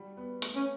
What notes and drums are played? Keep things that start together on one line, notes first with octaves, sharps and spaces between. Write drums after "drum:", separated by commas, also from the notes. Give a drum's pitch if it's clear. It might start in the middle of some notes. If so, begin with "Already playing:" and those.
Already playing: G3 F#4
B3
A3, drum: hi-hat
C#4